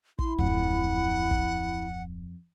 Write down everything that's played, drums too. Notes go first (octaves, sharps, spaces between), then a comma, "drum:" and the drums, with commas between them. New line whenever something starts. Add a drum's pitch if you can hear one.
E4 C6, drum: kick
D1 F2 F#5
drum: kick